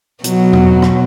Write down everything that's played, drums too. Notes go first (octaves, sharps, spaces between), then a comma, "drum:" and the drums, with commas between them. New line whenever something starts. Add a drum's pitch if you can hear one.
B2 F#3, drum: hi-hat
drum: tom E2
drum: rim click